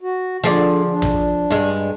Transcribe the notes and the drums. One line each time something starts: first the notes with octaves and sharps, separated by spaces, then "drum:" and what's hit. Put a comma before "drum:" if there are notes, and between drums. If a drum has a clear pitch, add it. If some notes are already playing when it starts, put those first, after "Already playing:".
F#4
D3 F3 G#4 D5
D4
drum: tom A1
G2 G#3